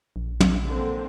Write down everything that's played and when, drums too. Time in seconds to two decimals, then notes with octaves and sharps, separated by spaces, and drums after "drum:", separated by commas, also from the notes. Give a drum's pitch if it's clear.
0.16 A#1
0.40 drum: tom
0.68 D3 A#3 C4